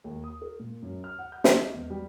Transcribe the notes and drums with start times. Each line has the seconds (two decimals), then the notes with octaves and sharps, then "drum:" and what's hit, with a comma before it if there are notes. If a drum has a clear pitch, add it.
0.04 D#2
0.24 D#6
0.42 A#4
0.60 A#2
0.82 F#2
1.04 F6
1.19 F#5
1.32 G6
1.44 D3, drum: snare
1.59 D#5
1.74 E2
1.90 G3